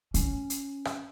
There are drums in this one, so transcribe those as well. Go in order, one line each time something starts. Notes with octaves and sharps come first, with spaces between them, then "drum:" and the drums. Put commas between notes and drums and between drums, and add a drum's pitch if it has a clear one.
C#4, drum: hi-hat
drum: hi-hat
drum: rim click